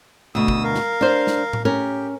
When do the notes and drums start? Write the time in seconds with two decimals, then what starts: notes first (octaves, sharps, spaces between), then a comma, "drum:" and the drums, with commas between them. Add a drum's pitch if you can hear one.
0.35 D2 B2 D#6 E6
0.48 drum: kick
0.64 A#4 F5
0.75 drum: snare
1.01 D4 C5
1.27 drum: snare
1.53 drum: tom A2
1.65 C#4 G4 A#4